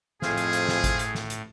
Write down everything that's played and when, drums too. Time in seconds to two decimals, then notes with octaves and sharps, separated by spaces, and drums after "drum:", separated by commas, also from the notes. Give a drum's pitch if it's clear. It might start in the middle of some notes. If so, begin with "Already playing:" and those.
0.22 F2 A2 G#4 C5 F5 G#5, drum: snare
0.38 drum: hi-hat
0.53 drum: hi-hat
0.68 drum: snare
0.84 drum: kick G#1, hi-hat
0.99 drum: hi-hat
1.15 drum: snare
1.30 drum: hi-hat